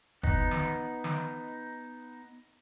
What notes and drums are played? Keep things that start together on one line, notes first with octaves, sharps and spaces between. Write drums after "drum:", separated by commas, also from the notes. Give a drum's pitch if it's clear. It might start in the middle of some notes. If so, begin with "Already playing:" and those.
B3 D#4, drum: kick F#1
drum: snare
drum: snare